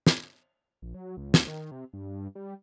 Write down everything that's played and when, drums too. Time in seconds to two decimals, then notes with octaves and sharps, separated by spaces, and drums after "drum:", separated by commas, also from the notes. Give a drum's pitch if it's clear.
0.07 drum: snare
0.82 A#1
0.94 F#3
1.17 C#2
1.34 D2, drum: snare
1.48 D#3
1.72 C3
1.93 G2
2.08 G2
2.35 G3